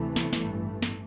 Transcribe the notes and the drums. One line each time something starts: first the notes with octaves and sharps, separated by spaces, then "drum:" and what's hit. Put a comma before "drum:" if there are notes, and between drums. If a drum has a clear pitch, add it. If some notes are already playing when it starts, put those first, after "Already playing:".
Already playing: D2 C3 E3 A3
drum: snare
A1 G2, drum: snare
drum: snare